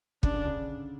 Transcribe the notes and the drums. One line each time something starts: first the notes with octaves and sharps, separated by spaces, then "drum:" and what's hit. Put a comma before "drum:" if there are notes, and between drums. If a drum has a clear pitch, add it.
C#3 D4, drum: kick
D3
C#3